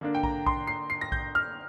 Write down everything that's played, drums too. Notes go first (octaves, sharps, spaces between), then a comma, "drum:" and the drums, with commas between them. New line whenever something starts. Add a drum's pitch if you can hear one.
D3 A#3 D4
G5
A#5, drum: kick A#1
C6, drum: kick A#1
C7
C7
A#6
G6, drum: kick A#1
F6